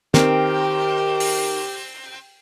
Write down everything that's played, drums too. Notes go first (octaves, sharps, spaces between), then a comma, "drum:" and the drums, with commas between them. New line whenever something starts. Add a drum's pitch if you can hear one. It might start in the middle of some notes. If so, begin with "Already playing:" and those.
D#3 C4 G4 A#4, drum: snare
drum: open hi-hat